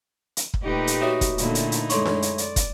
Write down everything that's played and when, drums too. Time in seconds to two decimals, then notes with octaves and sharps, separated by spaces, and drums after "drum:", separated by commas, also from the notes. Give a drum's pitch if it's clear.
0.37 drum: hi-hat
0.54 drum: kick
0.63 A#2 A3 D#4 G4 B4
0.87 drum: hi-hat
1.02 F#4 C#5 E5 D#6
1.21 drum: kick, hi-hat
1.38 A#2 D3 A3 D#4 E4, drum: hi-hat
1.55 drum: hi-hat
1.72 drum: hi-hat
1.90 F#2 G#3 A4 C#5 C6 C#6, drum: hi-hat
2.05 drum: snare D4
2.22 drum: hi-hat
2.38 D5, drum: hi-hat
2.56 drum: kick, hi-hat